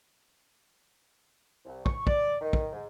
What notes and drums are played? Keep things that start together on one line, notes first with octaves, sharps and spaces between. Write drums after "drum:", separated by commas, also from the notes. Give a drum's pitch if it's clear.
C2
C#6, drum: kick
D5, drum: kick
D#3
drum: kick
G#2